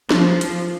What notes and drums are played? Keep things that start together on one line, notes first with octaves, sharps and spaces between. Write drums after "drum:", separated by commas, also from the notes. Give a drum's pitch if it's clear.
F3, drum: snare
drum: hi-hat